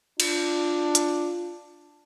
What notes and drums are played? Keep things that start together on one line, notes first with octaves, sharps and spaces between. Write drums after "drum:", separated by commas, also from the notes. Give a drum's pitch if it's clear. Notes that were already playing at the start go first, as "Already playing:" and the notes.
D4 F4, drum: cymbal
drum: hi-hat